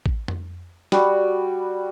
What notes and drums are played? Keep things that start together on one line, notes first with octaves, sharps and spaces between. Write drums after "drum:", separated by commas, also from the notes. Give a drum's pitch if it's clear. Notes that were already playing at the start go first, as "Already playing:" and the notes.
drum: kick A1
drum: tom F2
G3 F#4, drum: snare